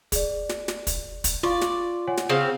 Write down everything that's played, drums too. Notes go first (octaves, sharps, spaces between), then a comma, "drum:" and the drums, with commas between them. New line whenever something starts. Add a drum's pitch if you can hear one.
G#4 D5, drum: kick, hi-hat
drum: snare
drum: snare
drum: kick, hi-hat
drum: kick, hi-hat
F4 D5 F5 C#6
drum: snare
C#5 F#5 G#5
drum: snare
C#3 C4 F5